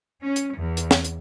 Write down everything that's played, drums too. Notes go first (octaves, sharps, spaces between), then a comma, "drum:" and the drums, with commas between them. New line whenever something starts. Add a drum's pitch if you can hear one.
C#4
drum: hi-hat
E2
drum: hi-hat
drum: snare
drum: hi-hat